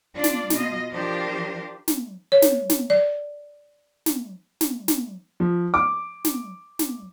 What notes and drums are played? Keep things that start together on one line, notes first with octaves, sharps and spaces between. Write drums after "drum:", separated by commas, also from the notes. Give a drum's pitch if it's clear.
D4 F4 D5
drum: snare
B2 F4 D#5, drum: snare
F3 D4 F4 G4 A#4 C5
drum: snare
C#5
drum: snare
drum: snare
D5
drum: snare
drum: snare
drum: snare
F3
D6
drum: snare
drum: snare